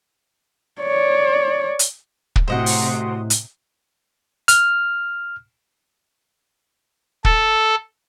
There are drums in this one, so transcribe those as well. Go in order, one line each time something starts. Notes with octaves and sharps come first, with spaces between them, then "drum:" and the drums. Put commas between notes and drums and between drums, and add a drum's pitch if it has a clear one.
C#5 D5
drum: hi-hat
drum: kick
A2 C3 F#4 C5 D#5 F#5 C6 D#6
drum: open hi-hat
drum: hi-hat
F6, drum: hi-hat
A4, drum: kick